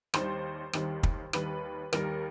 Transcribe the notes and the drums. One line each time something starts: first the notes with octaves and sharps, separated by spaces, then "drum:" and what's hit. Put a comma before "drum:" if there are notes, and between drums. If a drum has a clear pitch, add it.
D#2 D#3 G3 C5, drum: rim click
D#2 D#3 G3, drum: rim click
drum: kick
D#2 D#3 G3 B4, drum: rim click
D#2 D#3 G3 A#4, drum: rim click